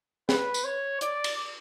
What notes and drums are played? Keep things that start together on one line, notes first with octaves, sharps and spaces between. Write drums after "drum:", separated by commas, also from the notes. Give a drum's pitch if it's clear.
B4, drum: snare
drum: tambourine
C#5
D5, drum: hi-hat
drum: cymbal